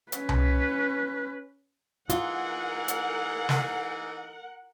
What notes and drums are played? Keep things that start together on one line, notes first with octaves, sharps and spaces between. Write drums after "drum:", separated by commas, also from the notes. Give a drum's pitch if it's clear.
C#4 B4, drum: hi-hat
drum: tom C2
E3 D#4 F4 G#4 A#4 F#5, drum: hi-hat
drum: hi-hat
drum: snare